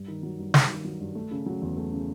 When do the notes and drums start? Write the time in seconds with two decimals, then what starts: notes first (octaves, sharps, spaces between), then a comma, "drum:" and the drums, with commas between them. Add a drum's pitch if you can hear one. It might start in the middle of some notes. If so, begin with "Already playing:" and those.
Already playing: G2
0.08 D#3
0.23 F#3
0.39 G2
0.54 G2, drum: snare
0.70 D#3
0.85 F#3
1.00 G2
1.15 A3
1.31 C#3
1.46 F#3
1.62 E2
1.77 A3
1.92 C#3